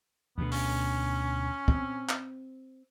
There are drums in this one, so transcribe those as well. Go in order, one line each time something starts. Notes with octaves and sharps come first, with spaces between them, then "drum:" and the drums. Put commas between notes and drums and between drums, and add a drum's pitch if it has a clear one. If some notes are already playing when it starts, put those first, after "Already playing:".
D2 B2 B3
C#4, drum: open hi-hat
C4, drum: kick
drum: clap